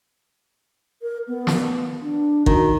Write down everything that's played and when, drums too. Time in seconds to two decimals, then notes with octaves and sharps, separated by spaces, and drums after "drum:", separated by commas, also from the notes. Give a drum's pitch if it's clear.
1.02 A#4
1.28 B3
1.47 drum: snare
2.01 D4
2.46 D#3 F#4, drum: kick